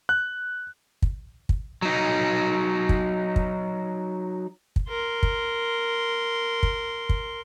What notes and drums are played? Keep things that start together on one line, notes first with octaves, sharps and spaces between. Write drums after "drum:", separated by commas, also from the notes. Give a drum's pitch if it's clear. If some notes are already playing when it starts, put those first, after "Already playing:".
F#6
drum: kick
drum: kick
F#3 D#4
drum: kick
drum: kick
drum: kick
A#4 C6
drum: kick
drum: kick
drum: kick